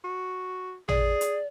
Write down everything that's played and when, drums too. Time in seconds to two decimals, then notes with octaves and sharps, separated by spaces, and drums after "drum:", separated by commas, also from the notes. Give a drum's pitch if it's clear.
0.04 F#4
0.88 G#4 D5, drum: tom
1.21 drum: hi-hat